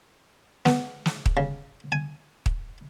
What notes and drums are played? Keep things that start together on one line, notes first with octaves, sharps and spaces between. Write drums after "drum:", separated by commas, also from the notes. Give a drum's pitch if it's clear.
B3, drum: snare
drum: snare
drum: kick
C#3
G#5
drum: kick